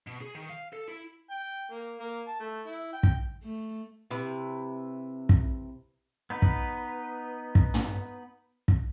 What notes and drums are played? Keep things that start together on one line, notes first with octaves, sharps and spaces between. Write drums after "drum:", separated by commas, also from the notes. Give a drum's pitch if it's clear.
B2
G#4
D#3
F5
A4
E4
G5
A#3
A#3
A5
A3
E4
G5
drum: kick
A3
C3 E4 B4
drum: kick
B3 D#4 B4
drum: kick
drum: kick
drum: tom
drum: kick